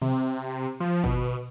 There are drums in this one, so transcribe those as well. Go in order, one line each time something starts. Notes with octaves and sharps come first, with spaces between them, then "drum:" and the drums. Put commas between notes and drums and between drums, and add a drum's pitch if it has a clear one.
C3, drum: tom B2
F3
B2, drum: kick G#1